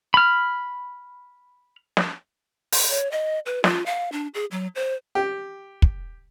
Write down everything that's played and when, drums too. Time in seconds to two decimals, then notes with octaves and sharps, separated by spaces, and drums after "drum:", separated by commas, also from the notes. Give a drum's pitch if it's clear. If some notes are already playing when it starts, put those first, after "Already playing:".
0.14 B5 F6
1.97 drum: snare
2.72 drum: open hi-hat
2.89 C#5
3.12 D#5
3.46 B4
3.64 F4, drum: snare
3.86 F5
4.12 D4
4.34 G#4
4.51 F#3
4.75 C5
5.15 G4
5.82 drum: kick